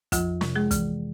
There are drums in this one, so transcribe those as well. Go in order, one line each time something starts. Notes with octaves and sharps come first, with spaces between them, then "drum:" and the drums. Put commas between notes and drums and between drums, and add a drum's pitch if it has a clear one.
F2 F3 F4, drum: kick, hi-hat
C3, drum: snare
G#3 G#4
E3, drum: kick, hi-hat